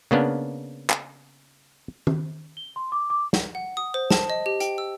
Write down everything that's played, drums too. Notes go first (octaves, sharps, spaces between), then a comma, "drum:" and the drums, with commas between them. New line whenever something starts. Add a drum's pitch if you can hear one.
C#3 A#3 B3 D4
drum: clap
drum: tom D#3
G7
C6
D6
D6
drum: snare
F#5
D#6
C5
A5, drum: snare
D#5
G4
G5, drum: hi-hat
E6